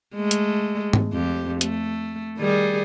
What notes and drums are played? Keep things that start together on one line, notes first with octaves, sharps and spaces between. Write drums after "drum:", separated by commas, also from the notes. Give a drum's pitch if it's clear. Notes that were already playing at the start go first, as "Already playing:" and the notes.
G#3 A3
drum: hi-hat
drum: tom G#2
F2 G4
A3, drum: hi-hat
D#3 G3 G#4